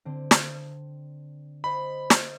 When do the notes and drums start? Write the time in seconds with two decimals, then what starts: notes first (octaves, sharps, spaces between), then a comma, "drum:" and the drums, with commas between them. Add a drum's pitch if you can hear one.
0.05 D3 C4
0.31 drum: snare
1.64 C5 D#5 B5
2.10 drum: snare